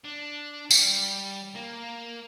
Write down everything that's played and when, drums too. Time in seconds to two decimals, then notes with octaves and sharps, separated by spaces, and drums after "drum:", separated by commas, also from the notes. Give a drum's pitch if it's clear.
0.04 D4
0.71 G3, drum: tambourine
1.55 A#3